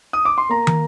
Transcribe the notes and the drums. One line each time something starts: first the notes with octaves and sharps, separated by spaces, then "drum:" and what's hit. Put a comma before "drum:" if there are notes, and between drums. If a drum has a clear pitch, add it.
D#6
D6
C6
A#3 A#5
drum: tom